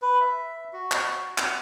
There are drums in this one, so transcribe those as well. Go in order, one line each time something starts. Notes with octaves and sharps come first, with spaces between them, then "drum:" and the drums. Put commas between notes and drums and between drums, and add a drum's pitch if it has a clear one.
B4
E5
F#4
drum: clap
F#5, drum: clap